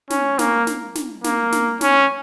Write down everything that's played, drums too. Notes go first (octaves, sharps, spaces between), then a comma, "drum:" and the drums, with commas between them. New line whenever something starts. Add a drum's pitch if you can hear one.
C#4, drum: snare
A#3, drum: snare
drum: snare
drum: snare
A#3, drum: snare
drum: snare
C#4, drum: snare